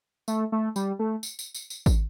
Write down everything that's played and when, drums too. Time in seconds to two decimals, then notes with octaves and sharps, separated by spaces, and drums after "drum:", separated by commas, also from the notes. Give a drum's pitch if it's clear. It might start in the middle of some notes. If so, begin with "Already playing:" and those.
0.28 A3, drum: tambourine
0.52 A3
0.76 G3, drum: tambourine
0.99 A3
1.23 drum: tambourine
1.39 drum: tambourine
1.55 drum: tambourine
1.70 drum: tambourine
1.86 drum: kick G#1, tambourine